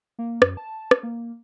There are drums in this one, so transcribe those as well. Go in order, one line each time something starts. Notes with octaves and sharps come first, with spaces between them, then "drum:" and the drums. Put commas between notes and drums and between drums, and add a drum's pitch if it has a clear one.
A#3
F#2, drum: rim click
A5
drum: rim click
A#3